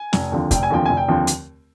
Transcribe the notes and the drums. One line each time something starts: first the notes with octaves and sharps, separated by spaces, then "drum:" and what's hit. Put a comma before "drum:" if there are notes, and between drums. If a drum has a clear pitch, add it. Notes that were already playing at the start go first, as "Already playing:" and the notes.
Already playing: G#5
F1, drum: snare
D#2 D3 F3 C4
F1 G5, drum: kick, hi-hat
G#5
D#2 D3 F3 C4 G5
F1 G#5
G5
D#2 D3 F3 C4
drum: hi-hat